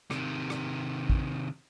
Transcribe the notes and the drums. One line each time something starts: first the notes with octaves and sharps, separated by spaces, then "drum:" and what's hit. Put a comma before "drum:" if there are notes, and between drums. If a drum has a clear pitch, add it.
C3 D#3, drum: rim click
drum: rim click
drum: kick A1